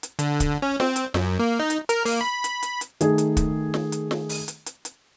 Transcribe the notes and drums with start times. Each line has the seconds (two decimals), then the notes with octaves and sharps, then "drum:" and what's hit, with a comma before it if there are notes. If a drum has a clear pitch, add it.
0.03 drum: hi-hat
0.19 D3, drum: hi-hat
0.40 drum: kick, hi-hat
0.62 C#4
0.80 C4, drum: snare
0.96 drum: hi-hat
1.14 F#2, drum: snare
1.39 A#3
1.59 D#4
1.70 drum: hi-hat
1.89 A#4, drum: hi-hat
2.05 A#3, drum: open hi-hat
2.21 B5
2.44 drum: hi-hat
2.62 drum: hi-hat
2.81 drum: hi-hat
3.01 D#3 A3 G#4, drum: hi-hat
3.18 drum: hi-hat
3.37 drum: kick, hi-hat
3.74 drum: snare
3.92 drum: hi-hat
4.11 drum: snare
4.29 drum: open hi-hat
4.48 drum: hi-hat
4.66 drum: hi-hat
4.85 drum: hi-hat